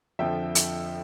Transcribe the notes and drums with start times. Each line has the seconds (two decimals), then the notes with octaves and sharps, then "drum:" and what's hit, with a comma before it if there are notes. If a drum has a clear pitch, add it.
0.19 F2 D3 F3 E5 G5
0.55 drum: hi-hat